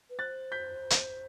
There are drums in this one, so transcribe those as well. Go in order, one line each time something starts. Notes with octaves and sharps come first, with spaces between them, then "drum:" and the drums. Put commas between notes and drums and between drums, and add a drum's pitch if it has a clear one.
B4
C5 F#6 A6
G6 B6
drum: hi-hat